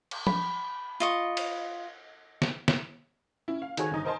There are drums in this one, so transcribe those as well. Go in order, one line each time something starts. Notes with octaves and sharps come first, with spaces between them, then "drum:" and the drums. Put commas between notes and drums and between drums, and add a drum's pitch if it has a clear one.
drum: cymbal
B5, drum: tom F3
F4 D#5 C#6
drum: cymbal
drum: snare
drum: snare
C#4 E4
F5
D#3 F#4 G#4 A4 C5 C#5, drum: hi-hat
G1 D#4
A#4 C5 D#5 G#5 A5 C6